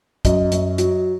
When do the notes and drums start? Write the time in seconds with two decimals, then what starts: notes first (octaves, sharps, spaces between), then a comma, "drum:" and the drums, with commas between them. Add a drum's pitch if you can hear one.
0.25 F#2 D#5, drum: kick, hi-hat
0.52 F#2, drum: hi-hat
0.78 F#3, drum: hi-hat